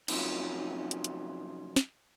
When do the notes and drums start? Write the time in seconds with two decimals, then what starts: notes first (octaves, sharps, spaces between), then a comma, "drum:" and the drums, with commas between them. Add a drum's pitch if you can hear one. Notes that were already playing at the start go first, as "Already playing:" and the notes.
0.08 C3 D#3 F3 F#3 C#4, drum: cymbal
0.91 drum: hi-hat
1.04 drum: hi-hat
1.76 drum: snare